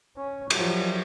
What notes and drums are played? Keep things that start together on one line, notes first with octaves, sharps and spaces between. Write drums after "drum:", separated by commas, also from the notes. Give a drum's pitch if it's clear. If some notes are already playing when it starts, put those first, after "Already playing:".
C#4
F3 F#3, drum: cymbal